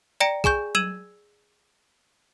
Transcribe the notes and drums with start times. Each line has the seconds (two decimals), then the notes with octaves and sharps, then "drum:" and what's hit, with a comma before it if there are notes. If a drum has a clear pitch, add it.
0.20 D5 G5 A#5 A#6 C#7 D7
0.44 G#4 G#5 C#6 G6, drum: kick B1
0.75 E6 G#6 D#7 E7 F#7, drum: tom F#3